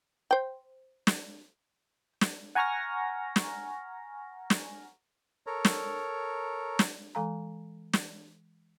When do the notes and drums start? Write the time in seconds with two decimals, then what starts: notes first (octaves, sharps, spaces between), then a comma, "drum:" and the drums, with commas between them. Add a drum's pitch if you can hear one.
0.31 C5 G5
1.07 drum: snare
2.21 drum: snare
2.55 F#5 G#5 A#5 C#6 F6 A#6
3.36 drum: snare
4.50 drum: snare
5.47 A4 A#4 C#5 A#5
5.65 drum: snare
6.79 drum: snare
7.15 E3 G#3 A4 F5 G#5 A#5
7.93 drum: snare